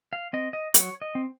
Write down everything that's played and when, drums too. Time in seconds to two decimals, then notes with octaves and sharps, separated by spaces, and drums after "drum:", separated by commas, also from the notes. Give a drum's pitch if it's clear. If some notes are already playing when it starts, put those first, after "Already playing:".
0.13 F5
0.33 C4 D#5
0.53 D#5
0.74 F#3 C#5, drum: hi-hat
1.02 D#5
1.15 C4